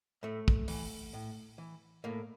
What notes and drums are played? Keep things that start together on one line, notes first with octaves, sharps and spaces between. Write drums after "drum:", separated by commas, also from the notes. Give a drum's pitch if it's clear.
A2 A3
drum: kick
E3, drum: open hi-hat
A2
E3
A2 A#3